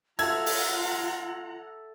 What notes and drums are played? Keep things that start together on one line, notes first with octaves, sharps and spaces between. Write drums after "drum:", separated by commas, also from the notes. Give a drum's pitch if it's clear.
F4 A4 E5 F#5 A#5 G#6, drum: cymbal
drum: open hi-hat